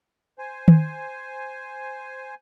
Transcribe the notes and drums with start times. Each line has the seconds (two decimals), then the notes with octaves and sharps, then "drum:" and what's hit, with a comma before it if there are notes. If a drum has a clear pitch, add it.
0.38 C5 G#5
0.68 drum: tom D#3